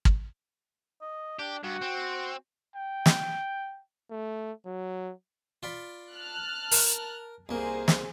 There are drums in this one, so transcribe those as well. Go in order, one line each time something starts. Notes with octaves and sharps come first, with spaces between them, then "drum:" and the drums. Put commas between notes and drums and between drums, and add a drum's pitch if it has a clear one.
drum: kick
D#5
D4 G4
G2 F#4
C4
G5
drum: snare
A3
F#3
F4 D5 B5
A5 F6 F#6
A#4, drum: open hi-hat
C2 A#3 G#4 A#4 C5
drum: snare